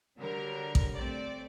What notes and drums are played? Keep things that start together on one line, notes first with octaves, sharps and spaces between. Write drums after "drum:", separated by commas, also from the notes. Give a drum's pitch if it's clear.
D3 F#3 G3 A#4
drum: kick A1
A3 C4 D5